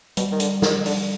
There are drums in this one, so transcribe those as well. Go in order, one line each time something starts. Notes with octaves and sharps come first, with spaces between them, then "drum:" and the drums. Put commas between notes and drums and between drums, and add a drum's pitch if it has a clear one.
B2 G3, drum: hi-hat
D#3
D3, drum: hi-hat
D#3, drum: snare
D3, drum: open hi-hat